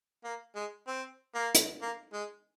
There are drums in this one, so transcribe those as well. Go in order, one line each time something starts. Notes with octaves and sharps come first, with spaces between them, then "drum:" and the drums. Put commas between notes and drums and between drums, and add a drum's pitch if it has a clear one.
A#3
G#3
C4
A#3
drum: hi-hat
A#3
G#3